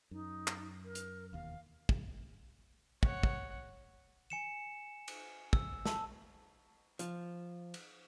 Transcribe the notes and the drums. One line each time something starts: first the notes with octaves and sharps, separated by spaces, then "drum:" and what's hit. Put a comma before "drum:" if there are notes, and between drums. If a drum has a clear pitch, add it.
F#2 D#4
drum: clap
A#4
drum: hi-hat
E1 D#2 F5
drum: kick
C#5 F#5, drum: kick
drum: kick
G#5 C#7 E7
drum: cymbal
E6, drum: kick
A5 E6, drum: snare
F3, drum: hi-hat
drum: cymbal